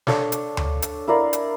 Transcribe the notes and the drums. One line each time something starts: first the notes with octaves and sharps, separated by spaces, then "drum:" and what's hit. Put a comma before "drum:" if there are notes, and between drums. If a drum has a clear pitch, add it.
D4 A4 C#5 F5, drum: snare
drum: hi-hat
drum: tom D2
drum: hi-hat
E4 A#4 D5 F5
drum: hi-hat